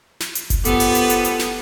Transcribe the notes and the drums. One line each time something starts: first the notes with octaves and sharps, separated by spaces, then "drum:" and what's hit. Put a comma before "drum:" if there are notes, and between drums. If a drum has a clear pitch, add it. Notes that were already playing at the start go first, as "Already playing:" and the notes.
drum: snare
drum: hi-hat
drum: kick F#1, hi-hat
F3 B3 G4 A4, drum: hi-hat
drum: open hi-hat
drum: hi-hat
drum: hi-hat
drum: hi-hat
drum: snare